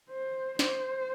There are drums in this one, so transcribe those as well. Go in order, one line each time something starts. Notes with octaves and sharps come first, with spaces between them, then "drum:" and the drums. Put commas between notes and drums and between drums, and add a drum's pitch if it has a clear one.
C5
C5, drum: snare